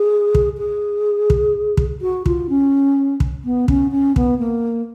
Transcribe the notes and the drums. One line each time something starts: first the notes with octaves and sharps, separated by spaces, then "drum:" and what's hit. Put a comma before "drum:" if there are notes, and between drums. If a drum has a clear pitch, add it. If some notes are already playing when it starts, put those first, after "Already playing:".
Already playing: G#4
drum: kick
G#4
drum: kick
drum: kick
F#4
F4, drum: kick
C#4
drum: kick
B3
C#4, drum: kick
C#4
B3, drum: kick
A#3